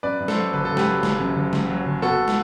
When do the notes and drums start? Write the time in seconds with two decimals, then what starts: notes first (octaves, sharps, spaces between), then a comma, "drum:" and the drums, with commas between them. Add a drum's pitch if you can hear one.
0.03 F#2 B4 D5
0.20 F#2
0.28 A4 C5, drum: snare
0.37 F#3
0.53 F#1 B4
0.65 F#1 A4
0.77 G4 B4, drum: snare
0.87 F#3
1.03 F#1, drum: snare
1.20 F#2
1.37 F#1
1.53 F#1, drum: snare
1.70 F#3
1.86 F#1
2.02 B3 F#4 A4
2.28 drum: snare